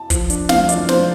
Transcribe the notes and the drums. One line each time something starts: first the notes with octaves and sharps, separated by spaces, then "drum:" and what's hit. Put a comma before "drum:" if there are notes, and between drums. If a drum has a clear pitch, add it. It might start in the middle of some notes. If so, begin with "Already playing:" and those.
Already playing: A5
F3, drum: kick, hi-hat
D4, drum: hi-hat
F3 F5, drum: snare
D4 D5, drum: hi-hat
F3 C5, drum: snare